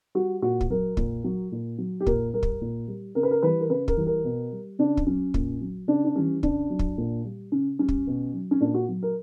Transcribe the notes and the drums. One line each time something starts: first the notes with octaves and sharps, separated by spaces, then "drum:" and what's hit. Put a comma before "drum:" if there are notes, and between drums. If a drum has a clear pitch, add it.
G3 F#4
A#2 F#4
drum: kick
F#3 A#4
A#2, drum: kick
F#3
A#2
F#3
G4
A#2 A#4, drum: kick
G3 A#4
drum: kick
A#2
G3
C#3 A#4
B4
A#4
E3 G3 B4
A#4
C#3 B4
A#4, drum: kick
E3 G3
A#4
B2
G3
C#3 D4
drum: kick
F#3 C#4
A#2, drum: kick
F#3
C#3 D4
D4
E3 G3 C#4
C#3 D4, drum: kick
F#3
drum: kick
A#2
G3
C#3 C#4
G3 C#4
drum: kick
B2
F#3
C#4
A#2 D4
F#4
F#3
A#4